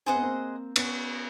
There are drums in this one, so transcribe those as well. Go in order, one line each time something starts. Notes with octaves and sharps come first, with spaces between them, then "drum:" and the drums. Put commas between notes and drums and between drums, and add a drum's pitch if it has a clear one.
C4 G#4 C5 D#5 F#5
B3
A#3 C4
B3 C#4, drum: cymbal